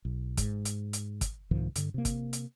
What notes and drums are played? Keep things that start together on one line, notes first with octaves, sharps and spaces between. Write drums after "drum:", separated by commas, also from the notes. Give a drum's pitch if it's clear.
B1
G#2, drum: kick, hi-hat
drum: hi-hat
drum: hi-hat
drum: kick, hi-hat
C2 G#2 D#3 F3
G2 D3, drum: hi-hat
C3 A#3
drum: kick, hi-hat
drum: hi-hat